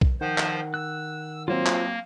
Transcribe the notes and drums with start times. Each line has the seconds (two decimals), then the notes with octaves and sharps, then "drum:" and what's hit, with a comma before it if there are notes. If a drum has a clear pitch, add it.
0.01 drum: kick B1
0.21 D#3 F3 C5 F#5
0.38 drum: clap
0.74 E6 F#6
1.48 F#3 A#3 C4 F4 C5
1.66 drum: clap